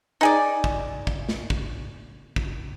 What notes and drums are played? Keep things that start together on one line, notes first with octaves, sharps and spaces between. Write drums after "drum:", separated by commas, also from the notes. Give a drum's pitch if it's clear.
D#4 G#4 D5
drum: kick
drum: kick
drum: snare
drum: kick
drum: kick